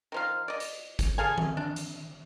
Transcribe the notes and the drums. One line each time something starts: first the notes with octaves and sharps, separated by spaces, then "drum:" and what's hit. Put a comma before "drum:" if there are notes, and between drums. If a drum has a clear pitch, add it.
D#3 F3 F5
D5 D#5
drum: hi-hat
drum: kick G#1, hi-hat
G#4 A4 F5 G#5
drum: tom D#3
D4
drum: hi-hat